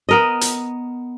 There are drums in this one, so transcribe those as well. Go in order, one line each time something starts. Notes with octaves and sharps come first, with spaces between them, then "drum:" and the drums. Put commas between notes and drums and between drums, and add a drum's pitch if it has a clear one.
B3 A#4 D#5
drum: hi-hat